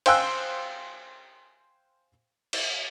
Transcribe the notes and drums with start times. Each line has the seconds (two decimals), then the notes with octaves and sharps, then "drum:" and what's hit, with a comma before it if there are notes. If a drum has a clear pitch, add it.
0.06 C5 F5 G5 G#5 E6 F#6, drum: cymbal
2.53 drum: cymbal